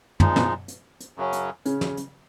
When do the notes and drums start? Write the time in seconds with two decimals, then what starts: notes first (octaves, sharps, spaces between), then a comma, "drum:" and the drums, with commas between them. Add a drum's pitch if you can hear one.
0.20 A#2 F3 G#3 D#4, drum: tom
0.36 B2 B3, drum: snare
0.68 drum: hi-hat
1.01 drum: hi-hat
1.17 F#2 C#3 F#3 C#4
1.33 drum: hi-hat
1.65 C#3 C#4, drum: hi-hat
1.81 drum: snare
1.97 drum: hi-hat